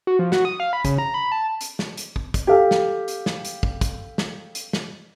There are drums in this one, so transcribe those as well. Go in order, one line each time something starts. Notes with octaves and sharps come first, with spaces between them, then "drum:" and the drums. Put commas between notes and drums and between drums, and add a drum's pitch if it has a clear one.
F#4
F3
F#4, drum: snare
D#6
F5
B5
C#3, drum: kick, hi-hat
A#5
B5
A5
drum: hi-hat
drum: snare
drum: hi-hat
drum: kick
drum: kick, hi-hat
G4 A4 F5
drum: snare
drum: hi-hat
drum: snare
drum: hi-hat
drum: kick
drum: kick, hi-hat
drum: snare
drum: hi-hat
drum: snare